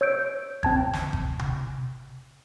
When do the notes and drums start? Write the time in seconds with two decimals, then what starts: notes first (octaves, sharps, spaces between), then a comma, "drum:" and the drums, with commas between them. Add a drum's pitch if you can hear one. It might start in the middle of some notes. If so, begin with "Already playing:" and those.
0.01 C#5 E6 G6 D7
0.63 C4 A5 G#6, drum: kick G1
0.93 drum: snare
1.13 drum: kick G1
1.39 drum: tom C3